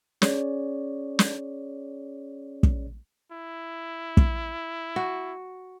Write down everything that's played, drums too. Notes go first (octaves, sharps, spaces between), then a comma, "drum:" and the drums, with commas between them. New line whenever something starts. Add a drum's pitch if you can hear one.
C#4 G#4 C#5 D5, drum: snare
drum: snare
drum: kick
E4
drum: kick
F#4